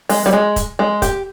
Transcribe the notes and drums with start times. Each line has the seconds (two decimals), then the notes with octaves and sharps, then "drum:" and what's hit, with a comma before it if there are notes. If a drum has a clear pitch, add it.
0.09 G#3, drum: open hi-hat
0.26 G3
0.33 G#3
0.56 drum: kick, hi-hat
0.79 G#3
1.02 G4, drum: kick, hi-hat